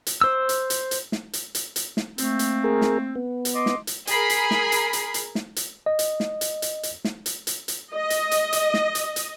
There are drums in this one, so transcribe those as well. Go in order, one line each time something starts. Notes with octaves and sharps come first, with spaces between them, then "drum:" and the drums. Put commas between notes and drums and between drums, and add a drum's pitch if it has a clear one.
drum: hi-hat
C5 E6
drum: hi-hat
drum: hi-hat
drum: hi-hat
drum: snare
drum: hi-hat
drum: hi-hat
drum: hi-hat
drum: snare
A3 A#3 C4, drum: hi-hat
drum: hi-hat
G#4 A#4
drum: snare
B3
drum: hi-hat
D#5 C6 D6
drum: snare
drum: hi-hat
G#4 A#4 B5 C7, drum: hi-hat
drum: hi-hat
drum: snare
drum: hi-hat
drum: hi-hat
drum: hi-hat
drum: snare
drum: hi-hat
D#5
drum: hi-hat
drum: snare
drum: hi-hat
drum: hi-hat
drum: hi-hat
drum: snare
drum: hi-hat
drum: hi-hat
drum: hi-hat
D#5
drum: hi-hat
drum: hi-hat
drum: hi-hat
drum: snare
drum: hi-hat
drum: hi-hat